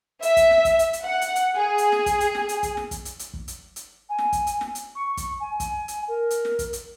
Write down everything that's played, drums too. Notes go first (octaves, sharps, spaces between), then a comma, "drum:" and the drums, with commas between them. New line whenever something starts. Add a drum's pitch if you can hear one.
E5, drum: hi-hat
drum: kick, hi-hat
drum: snare
drum: kick, hi-hat
drum: hi-hat
drum: hi-hat
F#5
drum: hi-hat
drum: hi-hat
G#4
drum: hi-hat
drum: snare
drum: kick, hi-hat
drum: hi-hat
drum: snare
drum: hi-hat
drum: kick, hi-hat
drum: snare
drum: kick, hi-hat
drum: hi-hat
drum: hi-hat
drum: kick
drum: hi-hat
drum: hi-hat
G#5
drum: snare
drum: kick, hi-hat
drum: hi-hat
drum: snare
drum: hi-hat
C#6
drum: kick, hi-hat
G#5
drum: kick, hi-hat
drum: hi-hat
A#4
drum: hi-hat
drum: snare
drum: kick, hi-hat
drum: hi-hat